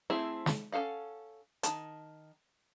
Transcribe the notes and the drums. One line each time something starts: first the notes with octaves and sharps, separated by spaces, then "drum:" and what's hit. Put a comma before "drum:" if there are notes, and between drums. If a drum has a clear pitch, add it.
A3 C4 E4 G#4
drum: snare
C#4 F#4 A4 F5 F#5
D#3 A5, drum: hi-hat